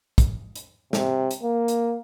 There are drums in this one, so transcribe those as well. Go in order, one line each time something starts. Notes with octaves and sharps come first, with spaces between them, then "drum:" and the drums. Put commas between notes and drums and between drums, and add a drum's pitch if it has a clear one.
drum: kick, hi-hat
drum: hi-hat
C3, drum: snare
drum: hi-hat
A#3
drum: hi-hat